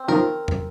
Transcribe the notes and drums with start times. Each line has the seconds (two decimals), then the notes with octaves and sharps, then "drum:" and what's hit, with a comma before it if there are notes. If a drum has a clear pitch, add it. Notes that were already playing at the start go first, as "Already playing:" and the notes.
Already playing: C4
0.08 D#3 F3 A#4
0.48 drum: tom